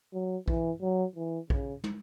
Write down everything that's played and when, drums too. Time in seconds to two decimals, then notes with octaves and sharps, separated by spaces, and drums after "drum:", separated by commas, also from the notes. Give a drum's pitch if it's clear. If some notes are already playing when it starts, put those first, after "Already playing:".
0.13 F#3
0.48 E3, drum: kick A#1
0.81 F#3
1.15 E3
1.50 C#3, drum: kick A#1
1.84 drum: tom